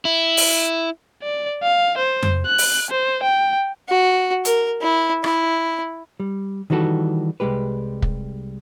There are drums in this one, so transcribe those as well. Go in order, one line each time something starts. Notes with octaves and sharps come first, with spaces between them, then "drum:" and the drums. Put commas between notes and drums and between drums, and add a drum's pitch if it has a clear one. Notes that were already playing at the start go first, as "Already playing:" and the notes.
E4
drum: open hi-hat
D5
F5
C5
drum: tom F2
F#6
drum: open hi-hat
C5
G5
F#4
A#4, drum: hi-hat
E4
E4, drum: rim click
G3
D#3 E3 G3 F#4 A4
C2 G3 G#3 G4 B4
drum: kick